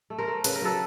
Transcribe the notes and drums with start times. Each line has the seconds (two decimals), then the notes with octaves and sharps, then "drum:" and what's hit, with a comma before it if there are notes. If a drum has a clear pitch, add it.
0.10 A3
0.18 A#4 C5
0.28 A3
0.44 C#3 B4, drum: hi-hat
0.56 A#4
0.62 F#3 A4 B4